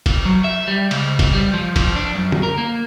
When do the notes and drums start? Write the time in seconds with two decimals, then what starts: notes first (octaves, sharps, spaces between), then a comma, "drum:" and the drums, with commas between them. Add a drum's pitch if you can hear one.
0.06 drum: kick, cymbal
0.25 F#3
0.44 E5
0.68 G3
0.91 C#2, drum: cymbal
1.19 drum: kick, cymbal
1.33 G3
1.53 F3
1.76 drum: kick, cymbal
1.96 D4
2.15 F#2
2.32 drum: tom
2.43 A#4
2.58 A#3